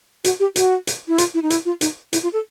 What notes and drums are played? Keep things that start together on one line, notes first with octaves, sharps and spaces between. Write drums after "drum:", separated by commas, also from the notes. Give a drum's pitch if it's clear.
F#4, drum: hi-hat
G4
F#4, drum: hi-hat
drum: hi-hat
E4
F4, drum: hi-hat
E4
D#4
E4, drum: hi-hat
F4
D#4, drum: hi-hat
E4, drum: hi-hat
F4
A4